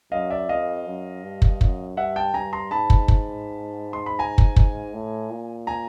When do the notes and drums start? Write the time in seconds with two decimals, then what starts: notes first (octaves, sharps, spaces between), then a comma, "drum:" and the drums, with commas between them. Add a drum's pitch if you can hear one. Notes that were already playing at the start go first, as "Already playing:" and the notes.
0.12 F#2 D#5 F5
0.30 D5 E5
0.49 F2 D#5 F5
0.87 F#2
1.23 G2
1.42 drum: kick
1.61 F#2, drum: kick
1.97 G2 E5 F#5
2.16 G5 A5
2.34 G2 G#5 A#5
2.53 A#5 C6
2.71 G#2 A5 B5
2.90 drum: kick
3.08 drum: kick
3.93 C6
4.06 B5
4.19 G#5 A#5
4.38 drum: kick
4.56 drum: kick
4.94 A2
5.30 A#2
5.67 G#5 A#5